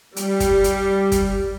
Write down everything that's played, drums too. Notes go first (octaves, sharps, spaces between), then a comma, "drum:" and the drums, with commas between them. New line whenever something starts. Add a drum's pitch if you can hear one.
G3, drum: hi-hat
drum: kick, hi-hat
drum: hi-hat
drum: kick, hi-hat